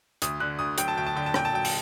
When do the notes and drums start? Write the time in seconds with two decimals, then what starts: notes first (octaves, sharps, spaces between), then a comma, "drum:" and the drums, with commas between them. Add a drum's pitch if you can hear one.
0.22 D2 D#6, drum: hi-hat
0.40 D3 F#6
0.59 D2 D#6
0.78 F#3 G5, drum: hi-hat
0.88 A5
0.97 D2 G5
1.07 A5
1.16 D3 G5
1.26 A5
1.34 A#2 G5, drum: rim click
1.45 A5
1.53 F#3 G5
1.65 A5, drum: open hi-hat